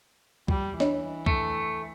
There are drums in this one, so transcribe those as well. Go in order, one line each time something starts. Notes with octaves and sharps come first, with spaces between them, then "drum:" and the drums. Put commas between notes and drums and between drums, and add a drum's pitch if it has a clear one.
G3, drum: kick C2
E3 D4 C#5 D#5, drum: snare
A3, drum: kick C2